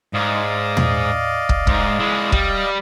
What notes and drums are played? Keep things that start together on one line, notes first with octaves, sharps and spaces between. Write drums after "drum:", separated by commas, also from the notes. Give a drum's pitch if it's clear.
G#2 D5 D#5 F5
drum: tom
drum: kick
G#2, drum: kick
G#3 E4
G3, drum: kick